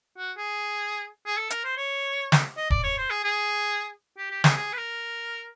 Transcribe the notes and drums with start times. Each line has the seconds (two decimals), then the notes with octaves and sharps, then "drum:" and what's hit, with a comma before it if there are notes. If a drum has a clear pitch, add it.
0.18 F#4
0.37 G#4
1.26 G#4
1.38 A4
1.50 A#4, drum: hi-hat
1.64 C5
1.77 C#5
2.32 drum: snare
2.57 D#5
2.70 D5, drum: kick
2.84 C#5
2.97 C5
3.10 G#4
3.24 G#4
4.17 G4
4.31 G4
4.44 G#4, drum: snare
4.57 G#4
4.73 B4
4.77 A#4